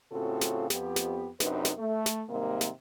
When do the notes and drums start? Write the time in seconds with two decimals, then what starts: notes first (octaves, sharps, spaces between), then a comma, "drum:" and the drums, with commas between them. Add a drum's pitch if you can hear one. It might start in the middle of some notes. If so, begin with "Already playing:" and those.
0.12 A2 C#3 C4 F4 F#4 A4
0.41 drum: snare
0.70 F2 B3 G4, drum: snare
0.96 drum: snare
1.40 F#2 C3 D4 D#4 B4, drum: snare
1.65 drum: snare
1.78 A3
2.06 drum: snare
2.30 G#2 C3 D#3 G3 A#3
2.61 drum: snare